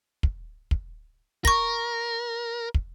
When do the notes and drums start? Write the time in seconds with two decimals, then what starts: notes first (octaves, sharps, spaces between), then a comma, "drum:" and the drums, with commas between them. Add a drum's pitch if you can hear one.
0.23 drum: kick
0.71 drum: kick
1.45 A#4 C#6 A#6, drum: kick
2.74 drum: kick